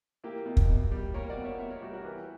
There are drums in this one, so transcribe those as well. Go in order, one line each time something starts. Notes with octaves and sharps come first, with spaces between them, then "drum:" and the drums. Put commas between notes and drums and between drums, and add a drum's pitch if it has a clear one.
A#3 E4 G4
B2
drum: kick
B2
G3
A#3 A#4 C#5
D5 F#5
B2
C#5 E5
B2 C#5 E5
A#4 C#5
G3 F#4 A#4
F#4 A#4
E3 G4 B4